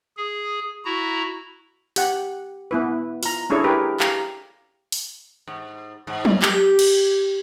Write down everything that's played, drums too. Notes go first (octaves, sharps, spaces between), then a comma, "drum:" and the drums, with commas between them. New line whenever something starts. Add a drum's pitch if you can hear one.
G#4
E4 F#4 A#5
G4 F#5, drum: open hi-hat
B3 E4 B4
F4 A#5, drum: open hi-hat
C#4 D4 E4 G#4 A4 C#5
G4 A#4 B4
G4 F5 A#5, drum: clap
drum: open hi-hat
G#2
G#2
drum: tom F#3
G4, drum: clap
drum: cymbal